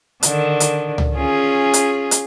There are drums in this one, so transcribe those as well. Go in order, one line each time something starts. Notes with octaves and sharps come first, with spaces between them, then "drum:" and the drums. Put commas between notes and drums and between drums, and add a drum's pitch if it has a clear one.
D3 D#3, drum: hi-hat
drum: hi-hat
drum: tom C#2
C#4 F4 G#4
drum: hi-hat
drum: hi-hat